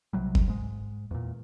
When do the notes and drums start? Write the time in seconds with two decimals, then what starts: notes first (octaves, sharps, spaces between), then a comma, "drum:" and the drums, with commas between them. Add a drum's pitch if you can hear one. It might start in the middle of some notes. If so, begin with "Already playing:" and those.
0.13 B1 C3 F#3 G3
0.35 drum: kick F#1
0.48 G#2 G#3
1.11 E2 A#2